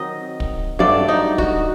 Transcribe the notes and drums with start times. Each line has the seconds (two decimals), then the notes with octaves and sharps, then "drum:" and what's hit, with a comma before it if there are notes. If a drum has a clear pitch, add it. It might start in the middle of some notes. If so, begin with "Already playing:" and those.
Already playing: D#3 F#3 C4 D#4 D#5
0.40 drum: kick
0.79 G2 F#3 A3 D5
1.08 D#4
1.38 F#4, drum: kick